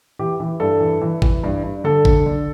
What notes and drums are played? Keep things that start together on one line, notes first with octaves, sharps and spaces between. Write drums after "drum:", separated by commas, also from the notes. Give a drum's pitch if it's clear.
E3 G4
E3
G2 A4
E3
E3
E3, drum: kick G#1
G2
G2
D3 A4
D3, drum: kick G#1
D3